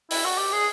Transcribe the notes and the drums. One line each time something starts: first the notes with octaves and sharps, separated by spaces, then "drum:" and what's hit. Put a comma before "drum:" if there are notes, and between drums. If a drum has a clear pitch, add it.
E4, drum: open hi-hat
F#4
G4
G#4